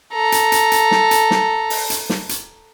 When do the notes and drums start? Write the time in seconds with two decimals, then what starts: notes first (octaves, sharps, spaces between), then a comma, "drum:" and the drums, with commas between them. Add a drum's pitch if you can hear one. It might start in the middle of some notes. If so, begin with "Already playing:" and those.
0.12 A4 A#5
0.32 drum: hi-hat
0.52 drum: hi-hat
0.72 drum: hi-hat
0.91 drum: snare
1.11 drum: hi-hat
1.31 drum: snare
1.70 drum: open hi-hat
1.90 drum: hi-hat
2.10 drum: snare
2.29 drum: hi-hat